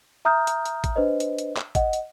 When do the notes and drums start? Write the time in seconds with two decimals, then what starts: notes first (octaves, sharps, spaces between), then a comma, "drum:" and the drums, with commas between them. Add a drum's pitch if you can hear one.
0.25 E5 A#5 D#6 F6 G6
0.47 drum: hi-hat
0.66 drum: hi-hat
0.84 drum: kick, hi-hat
0.96 D4 B4 C5 D#5
1.20 drum: hi-hat
1.38 drum: hi-hat
1.57 drum: clap
1.75 D#5 F#5, drum: kick, hi-hat
1.93 drum: hi-hat